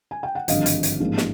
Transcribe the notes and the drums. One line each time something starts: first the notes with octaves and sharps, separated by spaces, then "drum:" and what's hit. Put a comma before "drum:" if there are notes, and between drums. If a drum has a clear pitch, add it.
G#5
G5
F#5
G#1 G2 D3 F3 D#5 F5, drum: hi-hat
drum: hi-hat
drum: hi-hat
A1 G#2 F3 A#3
drum: snare